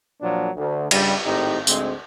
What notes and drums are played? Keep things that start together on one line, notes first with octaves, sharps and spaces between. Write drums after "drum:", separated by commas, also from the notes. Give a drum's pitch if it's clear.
A#2 F3 F#3 A#3 D4
D2
G2 C#3 G3, drum: cymbal
G#1 A2 C4 D#4 G4
D2 G#2 G#3 C4, drum: tambourine